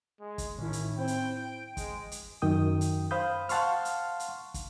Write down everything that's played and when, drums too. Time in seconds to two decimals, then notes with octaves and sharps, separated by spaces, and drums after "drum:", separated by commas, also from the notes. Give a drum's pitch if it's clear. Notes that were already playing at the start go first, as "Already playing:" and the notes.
0.20 G#3
0.38 drum: kick, hi-hat
0.58 A2 D#3 C#4 E4
0.73 drum: hi-hat
0.98 C4 E4 C5 G5
1.07 drum: hi-hat
1.37 D7
1.77 G#3, drum: kick, hi-hat
2.12 drum: hi-hat
2.42 F#2 D#3 G5 D#6
2.81 drum: hi-hat
3.11 C5 F5 B5 D#6 G6
3.49 F5 F#5 A5 C6 C#6 F6, drum: hi-hat
3.85 drum: hi-hat
4.20 drum: hi-hat
4.54 drum: kick, hi-hat